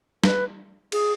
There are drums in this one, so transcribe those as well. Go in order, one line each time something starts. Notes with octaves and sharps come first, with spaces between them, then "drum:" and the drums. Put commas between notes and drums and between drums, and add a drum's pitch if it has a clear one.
B4, drum: snare
G#4, drum: cymbal